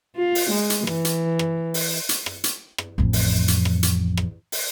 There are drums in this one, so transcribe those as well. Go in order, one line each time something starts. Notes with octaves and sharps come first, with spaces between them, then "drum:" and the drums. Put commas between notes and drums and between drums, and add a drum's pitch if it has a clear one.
F4
drum: open hi-hat
G#3
drum: hi-hat
E3, drum: rim click
drum: hi-hat
drum: rim click
drum: open hi-hat
drum: hi-hat
drum: rim click
drum: hi-hat
drum: rim click
A1 F2
drum: open hi-hat
drum: hi-hat
drum: rim click
drum: hi-hat
drum: rim click
drum: open hi-hat